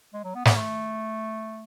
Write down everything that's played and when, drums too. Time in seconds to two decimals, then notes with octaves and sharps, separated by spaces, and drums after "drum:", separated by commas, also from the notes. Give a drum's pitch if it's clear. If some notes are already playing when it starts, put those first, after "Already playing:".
0.14 G#3
0.24 F#3
0.35 B3
0.45 B3, drum: snare
0.56 A3